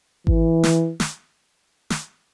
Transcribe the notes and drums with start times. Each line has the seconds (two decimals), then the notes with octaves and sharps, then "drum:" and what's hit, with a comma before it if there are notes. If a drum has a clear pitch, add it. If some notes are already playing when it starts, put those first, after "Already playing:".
0.27 E3, drum: kick G#1
0.63 drum: snare
1.00 drum: snare
1.90 drum: snare